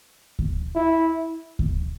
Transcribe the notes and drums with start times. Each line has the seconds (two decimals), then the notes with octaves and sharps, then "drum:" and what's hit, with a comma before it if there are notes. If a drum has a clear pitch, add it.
0.39 drum: kick D2
0.75 E4
1.59 drum: kick D2